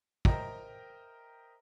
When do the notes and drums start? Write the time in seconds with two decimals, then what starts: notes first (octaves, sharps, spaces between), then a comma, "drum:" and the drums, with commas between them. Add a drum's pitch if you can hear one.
0.25 A#4 C5 D#5 E5 G5 A#5, drum: kick